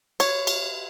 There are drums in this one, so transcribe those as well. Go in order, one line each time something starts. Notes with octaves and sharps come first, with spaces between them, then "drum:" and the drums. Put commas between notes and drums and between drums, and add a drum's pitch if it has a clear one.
C#5, drum: cymbal
drum: cymbal